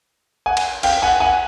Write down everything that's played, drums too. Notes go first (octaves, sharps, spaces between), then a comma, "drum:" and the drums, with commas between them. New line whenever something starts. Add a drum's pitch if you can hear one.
F#5 G#5
drum: cymbal
F5 G5, drum: cymbal
F#5 G#5
F#5 G#5